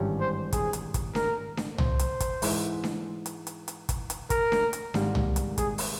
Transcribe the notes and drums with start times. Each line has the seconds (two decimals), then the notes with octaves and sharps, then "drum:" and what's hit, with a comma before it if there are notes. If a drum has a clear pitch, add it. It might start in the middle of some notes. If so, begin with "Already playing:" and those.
Already playing: G#1 G2 E3 G3 C#4
0.20 C5
0.53 G#4, drum: kick, hi-hat
0.73 drum: hi-hat
0.94 drum: kick, hi-hat
1.15 A#4, drum: snare D4
1.57 drum: snare D4
1.78 C5, drum: tom
1.99 drum: hi-hat
2.20 drum: kick, hi-hat
2.42 G#2 E3 G#3 E4, drum: open hi-hat
2.84 drum: snare D4
3.26 drum: hi-hat
3.47 drum: hi-hat
3.68 drum: hi-hat
3.89 drum: kick, hi-hat
4.10 drum: hi-hat
4.30 A#4, drum: kick, hi-hat
4.52 drum: snare D4
4.73 drum: hi-hat
4.94 G#1 G#2 G3 A#3, drum: snare D4
5.15 drum: tom
5.36 drum: hi-hat
5.58 G#4, drum: kick, hi-hat
5.78 drum: open hi-hat